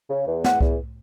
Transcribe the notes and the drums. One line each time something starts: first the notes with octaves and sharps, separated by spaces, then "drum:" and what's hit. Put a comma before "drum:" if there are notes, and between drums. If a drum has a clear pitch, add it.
C#3
E2
E2 F#5, drum: snare
E2, drum: kick C2